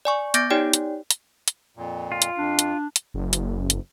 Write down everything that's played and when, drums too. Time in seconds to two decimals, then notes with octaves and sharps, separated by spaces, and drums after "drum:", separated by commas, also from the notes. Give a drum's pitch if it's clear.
0.05 D5 G#5 C#6
0.34 B3 D6 G6 A6 A#6 D7, drum: hi-hat
0.50 D#4 G4 C#5 D5 G5
0.73 drum: hi-hat
1.11 drum: hi-hat
1.48 drum: hi-hat
1.77 F2 A#2
2.12 F4
2.22 drum: hi-hat
2.38 F2 D4
2.59 drum: hi-hat
2.96 drum: hi-hat
3.14 F#1
3.33 drum: hi-hat
3.70 drum: hi-hat